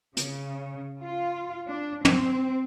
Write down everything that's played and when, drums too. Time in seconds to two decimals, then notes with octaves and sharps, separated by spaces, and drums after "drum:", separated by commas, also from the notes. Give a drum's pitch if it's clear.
0.17 C#3, drum: hi-hat
1.03 F4
1.70 D4
2.05 C4, drum: tom